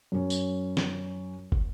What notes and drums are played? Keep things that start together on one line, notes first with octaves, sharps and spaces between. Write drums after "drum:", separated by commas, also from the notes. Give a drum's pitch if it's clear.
F#2 C#4
drum: tambourine
drum: snare
drum: kick